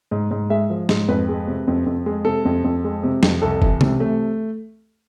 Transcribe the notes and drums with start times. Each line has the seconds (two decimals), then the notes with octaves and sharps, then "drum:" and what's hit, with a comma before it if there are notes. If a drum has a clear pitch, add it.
0.11 G#2
0.31 G#2
0.50 G#3 E5
0.70 F3
0.89 G#2, drum: snare
1.08 F2 B4
1.29 G#3
1.47 C3
1.68 F2
1.86 F2
2.06 G#3
2.25 C3 A4
2.45 F2
2.64 F2
2.84 G#3
3.03 C3
3.23 F2, drum: snare
3.42 C2 A4
3.62 E3, drum: kick
3.81 C3, drum: tom C3
4.00 A3